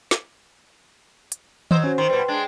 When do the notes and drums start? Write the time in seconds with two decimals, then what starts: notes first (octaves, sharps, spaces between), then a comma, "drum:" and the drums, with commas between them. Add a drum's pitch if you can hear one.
0.11 drum: snare
1.32 drum: hi-hat
1.71 F#3 C5 D#5 E6, drum: tom D#3
1.84 C#4 F#4
1.98 D#3 C5 C6
2.09 B2 G3 B4
2.28 G#3 D4 G5